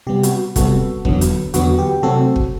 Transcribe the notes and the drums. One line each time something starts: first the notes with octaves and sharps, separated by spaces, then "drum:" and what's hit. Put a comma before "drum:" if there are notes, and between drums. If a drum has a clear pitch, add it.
C3 G3 B3 G4
F#4, drum: hi-hat
C3 G3 B3 F#4 A4, drum: kick, hi-hat
E2 D3 F#3 B3, drum: kick
drum: hi-hat
E2 D3 F#3 B3 F#4, drum: hi-hat
G4
C3 F#3 A3 C4 F#4 A4
drum: kick